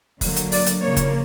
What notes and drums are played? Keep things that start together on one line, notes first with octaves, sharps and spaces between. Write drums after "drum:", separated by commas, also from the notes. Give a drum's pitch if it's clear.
D3 F#3 A#3, drum: kick F1, open hi-hat
drum: hi-hat
D5, drum: open hi-hat
drum: hi-hat
C#3 F3 A#3 C#5
drum: kick F1, hi-hat